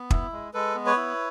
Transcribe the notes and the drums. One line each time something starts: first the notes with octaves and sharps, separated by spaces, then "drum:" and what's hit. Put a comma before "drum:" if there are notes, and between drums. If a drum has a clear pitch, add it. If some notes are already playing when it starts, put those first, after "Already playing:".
Already playing: B3
E4, drum: kick
G#3
G#3 A4 B4
B3
B4 C#5
E4